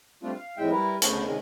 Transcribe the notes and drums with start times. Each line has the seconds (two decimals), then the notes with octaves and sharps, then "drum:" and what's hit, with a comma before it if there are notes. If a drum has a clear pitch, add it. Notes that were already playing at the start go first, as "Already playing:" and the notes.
0.23 G3 A3 C4 D4 F4
0.35 F5
0.57 F2 A2 G#3 E5 G5
0.71 G3 E4 A#4 B4
1.02 D2 C#3 A3 B3 C5 C#5, drum: hi-hat
1.24 C3 D#3 G#3 C#4